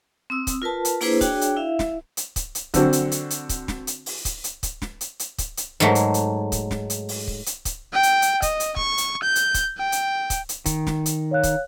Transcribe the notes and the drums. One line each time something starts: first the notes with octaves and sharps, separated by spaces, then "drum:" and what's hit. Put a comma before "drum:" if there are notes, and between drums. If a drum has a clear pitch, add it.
C4 D#6 E6
drum: kick C#1, hi-hat
F4 A#4 B4 A5
drum: hi-hat
A#3 D4 E4 G#4 B4 C5, drum: open hi-hat
D4 F#4 G#4 C#5 D5 G5, drum: kick C#1, hi-hat
drum: hi-hat
E4 E5 F5
drum: snare
drum: hi-hat
drum: kick C#1, hi-hat
drum: hi-hat
D3 C4 F#4, drum: kick C#1, hi-hat
drum: hi-hat
drum: hi-hat
drum: hi-hat
drum: kick C#1, hi-hat
drum: snare
drum: hi-hat
drum: open hi-hat
drum: kick C#1, hi-hat
drum: hi-hat
drum: kick C#1, hi-hat
drum: snare
drum: hi-hat
drum: hi-hat
drum: kick C#1, hi-hat
drum: hi-hat
G#2 F#3 G#3 A3
drum: hi-hat
drum: hi-hat
drum: kick C#1, hi-hat
drum: snare
drum: hi-hat
drum: open hi-hat
drum: kick C#1
drum: hi-hat
drum: kick C#1, hi-hat
G5
drum: hi-hat
drum: hi-hat
D#5, drum: kick C#1, hi-hat
drum: hi-hat
C#6, drum: kick C#1
drum: hi-hat
G6
drum: hi-hat
drum: kick C#1, hi-hat
G5
drum: hi-hat
drum: kick C#1, hi-hat
drum: hi-hat
D#3, drum: kick C#1, hi-hat
drum: snare
drum: hi-hat
C#5 F5 F#6
drum: kick C#1, hi-hat